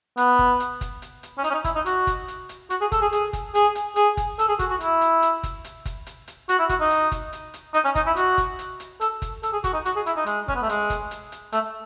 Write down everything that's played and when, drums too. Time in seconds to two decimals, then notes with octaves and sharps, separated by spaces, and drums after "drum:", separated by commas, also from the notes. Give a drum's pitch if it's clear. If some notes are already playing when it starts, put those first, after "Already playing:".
0.17 B3, drum: hi-hat
0.39 drum: kick
0.60 drum: hi-hat
0.81 drum: kick, hi-hat
1.02 drum: hi-hat
1.23 drum: hi-hat
1.38 C#4
1.44 D#4, drum: hi-hat
1.50 C#4
1.54 D#4
1.64 E4, drum: kick, hi-hat
1.76 D#4
1.86 F#4, drum: hi-hat
2.07 drum: kick, hi-hat
2.28 drum: hi-hat
2.49 drum: hi-hat
2.70 F#4, drum: hi-hat
2.81 G#4
2.92 A4, drum: kick, hi-hat
3.02 G#4
3.12 G#4, drum: hi-hat
3.33 drum: kick, hi-hat
3.55 G#4, drum: hi-hat
3.75 drum: hi-hat
3.96 G#4, drum: hi-hat
4.17 drum: kick, hi-hat
4.39 A4, drum: hi-hat
4.49 G#4
4.59 F#4, drum: kick, hi-hat
4.70 F#4
4.81 E4, drum: hi-hat
5.01 drum: hi-hat
5.22 drum: hi-hat
5.43 drum: kick, hi-hat
5.64 drum: hi-hat
5.86 drum: kick, hi-hat
6.07 drum: hi-hat
6.28 drum: hi-hat
6.49 F#4, drum: hi-hat
6.59 E4
6.69 F#4, drum: kick, hi-hat
6.80 D#4
6.91 drum: hi-hat
7.12 drum: kick, hi-hat
7.33 drum: hi-hat
7.54 drum: hi-hat
7.74 D#4, drum: hi-hat
7.85 C#4
7.95 D#4, drum: kick, hi-hat
8.07 E4
8.16 F#4, drum: hi-hat
8.38 drum: kick, hi-hat
8.59 drum: hi-hat
8.80 drum: hi-hat
9.01 A4, drum: hi-hat
9.22 drum: kick, hi-hat
9.43 A4, drum: hi-hat
9.53 G#4
9.64 F#4, drum: kick, hi-hat
9.74 D#4
9.85 F#4, drum: hi-hat
9.96 G#4
10.06 E4, drum: hi-hat
10.17 D#4
10.26 G#3, drum: hi-hat
10.48 C#4, drum: kick
10.55 B3
10.62 A3
10.69 G#3, drum: hi-hat
10.90 drum: kick, hi-hat
11.11 drum: hi-hat
11.32 drum: hi-hat
11.52 A3, drum: hi-hat